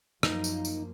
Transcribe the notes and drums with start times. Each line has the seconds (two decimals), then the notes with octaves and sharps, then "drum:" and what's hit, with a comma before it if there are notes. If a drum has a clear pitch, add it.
0.23 F#2 F3 A#3 D#4, drum: rim click
0.44 drum: tambourine
0.65 drum: tambourine